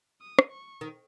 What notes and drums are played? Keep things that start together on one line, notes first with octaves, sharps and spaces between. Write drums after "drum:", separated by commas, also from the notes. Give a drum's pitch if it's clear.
D#6
drum: rim click
C#6
D#3